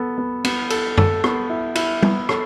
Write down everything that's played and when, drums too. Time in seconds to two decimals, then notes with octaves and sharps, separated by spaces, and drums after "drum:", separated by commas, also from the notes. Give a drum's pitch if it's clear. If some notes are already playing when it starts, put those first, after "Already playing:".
Already playing: B3 A4
0.18 B3
0.44 B3, drum: cymbal
0.70 A4, drum: cymbal
0.98 A4, drum: tom F#2
1.24 B3, drum: rim click
1.50 E4
1.75 E4, drum: cymbal
2.03 B3, drum: tom
2.29 A4, drum: rim click